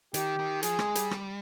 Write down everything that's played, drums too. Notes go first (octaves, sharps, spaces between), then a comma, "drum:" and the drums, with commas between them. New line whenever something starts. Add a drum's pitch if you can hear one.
D#3 G4, drum: hi-hat
D#3
F3 G#4, drum: hi-hat
G#3, drum: rim click
G3, drum: hi-hat
drum: rim click